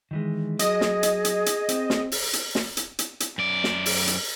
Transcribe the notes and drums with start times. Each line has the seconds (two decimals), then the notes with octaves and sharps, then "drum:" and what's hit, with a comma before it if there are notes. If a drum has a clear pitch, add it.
0.11 D#3 E3 G#3
0.59 F#3 G#4 D#5, drum: hi-hat
0.81 drum: snare
1.03 drum: hi-hat
1.25 drum: hi-hat
1.46 drum: hi-hat
1.69 C4, drum: hi-hat
1.90 drum: snare
2.12 drum: open hi-hat
2.33 drum: hi-hat
2.55 drum: snare
2.77 drum: hi-hat
2.99 drum: hi-hat
3.20 drum: hi-hat
3.38 F#2 D5
3.64 drum: snare
3.86 drum: open hi-hat
4.07 drum: hi-hat